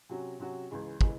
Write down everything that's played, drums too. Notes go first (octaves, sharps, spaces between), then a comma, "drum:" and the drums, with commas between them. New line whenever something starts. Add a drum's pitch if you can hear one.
C3 F#3 C#4 F#4
C3 F#3 C#4 F#4
C#2 C#3 E3 G#3
C#3 E3 G#3, drum: kick